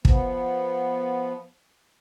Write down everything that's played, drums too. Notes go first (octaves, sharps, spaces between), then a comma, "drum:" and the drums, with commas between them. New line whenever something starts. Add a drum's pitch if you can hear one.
F3 B3, drum: kick